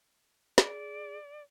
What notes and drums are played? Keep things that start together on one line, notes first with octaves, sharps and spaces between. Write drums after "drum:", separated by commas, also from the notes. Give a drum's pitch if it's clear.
G#4 D5, drum: snare